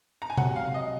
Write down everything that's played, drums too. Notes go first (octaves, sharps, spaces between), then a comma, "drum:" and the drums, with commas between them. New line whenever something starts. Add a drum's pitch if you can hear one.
A#5
G#5
C3 F#3 C4 F#4 F#5, drum: tom C3
F5
D#5